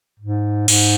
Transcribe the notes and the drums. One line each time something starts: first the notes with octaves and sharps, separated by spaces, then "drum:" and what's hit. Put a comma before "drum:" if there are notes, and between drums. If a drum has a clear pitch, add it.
G#2
G#2, drum: cymbal